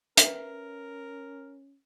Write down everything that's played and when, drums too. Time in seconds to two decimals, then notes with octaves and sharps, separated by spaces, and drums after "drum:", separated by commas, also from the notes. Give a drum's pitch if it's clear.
0.17 C#4 A#4 B4 E5, drum: hi-hat